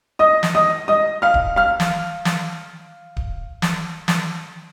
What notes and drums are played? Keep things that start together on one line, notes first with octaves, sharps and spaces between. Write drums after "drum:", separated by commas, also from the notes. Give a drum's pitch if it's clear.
D#5 D#6
drum: snare
D#5 D#6
D#5 D#6
F5 F6
drum: kick D1
F5 F6
drum: snare
drum: snare
drum: kick D1
drum: snare
drum: snare